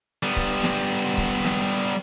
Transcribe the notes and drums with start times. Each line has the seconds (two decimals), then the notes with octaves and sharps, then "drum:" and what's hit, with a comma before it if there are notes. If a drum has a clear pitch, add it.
0.23 G3 B3
0.36 drum: kick C#1
0.63 drum: snare
1.17 drum: kick C#1
1.44 drum: snare